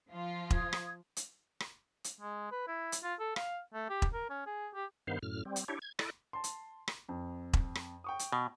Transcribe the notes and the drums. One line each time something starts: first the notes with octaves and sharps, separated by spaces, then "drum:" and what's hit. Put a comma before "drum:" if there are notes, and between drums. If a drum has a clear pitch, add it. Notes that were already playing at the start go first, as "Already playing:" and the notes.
F3 F4
D#6 G#6, drum: kick E1
drum: rim click
drum: hi-hat
drum: rim click
drum: hi-hat
G#3
B4
E4
drum: hi-hat
F4
A4
F5, drum: rim click
A3
G4
drum: kick E1
A#4
C#4
G#4
G4
G2 D#3 B3 C5 F5
F#2 A2 F6
G3 C4
drum: hi-hat
D4 E4 G4 C#5
G#6
E4 A4 D5 D#5 F#6, drum: rim click
A5 C6
drum: hi-hat
drum: rim click
F2
drum: kick E1
drum: rim click
G5 C#6 D#6
drum: hi-hat
B2